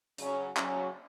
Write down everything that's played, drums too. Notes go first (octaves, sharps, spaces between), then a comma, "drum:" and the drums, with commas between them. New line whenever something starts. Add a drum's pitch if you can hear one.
C#3 F#3 C#4, drum: hi-hat
C#3 F#3 C#4, drum: clap